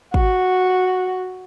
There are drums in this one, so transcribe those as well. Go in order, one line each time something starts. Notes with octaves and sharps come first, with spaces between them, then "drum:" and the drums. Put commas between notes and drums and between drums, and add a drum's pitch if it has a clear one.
F#4, drum: kick